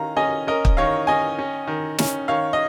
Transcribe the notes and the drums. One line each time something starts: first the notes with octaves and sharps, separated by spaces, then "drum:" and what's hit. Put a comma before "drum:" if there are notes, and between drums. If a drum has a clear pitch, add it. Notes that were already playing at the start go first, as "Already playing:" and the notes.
Already playing: D#3 C#4 F5 A#5
C#4 D#5 G#5
C#4 A#4 D#5
drum: kick
D#3 C#5 F5
C#4 D#5 G#5
C#4
D#3
C#4, drum: snare
D#3 C#5 F5
D#5